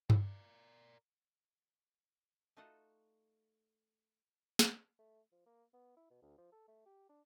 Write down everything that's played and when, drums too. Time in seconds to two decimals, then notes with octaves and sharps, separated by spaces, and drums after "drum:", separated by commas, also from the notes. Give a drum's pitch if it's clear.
0.10 A#4 D5, drum: tom G2
2.57 A3 D#4 F4 F#4 A4 F#5
4.59 drum: snare
4.99 A3
5.32 F3
5.46 A#3
5.73 B3
5.97 E4
6.10 B2
6.22 D2
6.38 F3
6.52 A4
6.68 A3
6.85 G4
7.09 D4